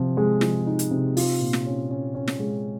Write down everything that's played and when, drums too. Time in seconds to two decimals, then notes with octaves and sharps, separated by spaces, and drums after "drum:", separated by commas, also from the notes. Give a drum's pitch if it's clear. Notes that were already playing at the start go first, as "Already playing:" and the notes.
Already playing: C3 F3
0.17 G#3
0.41 F3, drum: snare
0.67 D#4
0.79 drum: hi-hat
0.91 C3
1.17 F4, drum: open hi-hat
1.40 A#2
1.53 drum: snare
1.66 C#4
1.90 C#4
2.15 C#4
2.28 drum: snare
2.39 G#3